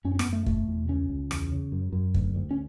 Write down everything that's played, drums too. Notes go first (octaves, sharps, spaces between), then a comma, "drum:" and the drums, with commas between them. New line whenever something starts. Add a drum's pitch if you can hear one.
F#2 C#4
C#4
B3, drum: rim click
F#2
A3
B2 A3, drum: kick
E2
C#2 C#4
C#2
E2, drum: rim click
C#3
F#2
F#2
D2, drum: kick
D2
C#4